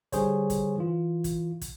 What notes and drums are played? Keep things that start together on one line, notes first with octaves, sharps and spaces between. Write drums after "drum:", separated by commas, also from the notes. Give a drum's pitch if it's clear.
D3 G3 G#4 C5 C#5, drum: kick, hi-hat
drum: kick, hi-hat
E3 F4
drum: kick, hi-hat
drum: kick, hi-hat